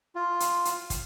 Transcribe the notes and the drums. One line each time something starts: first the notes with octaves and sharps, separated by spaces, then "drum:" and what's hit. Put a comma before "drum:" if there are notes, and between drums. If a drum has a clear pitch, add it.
F4
drum: hi-hat
drum: hi-hat
drum: kick, hi-hat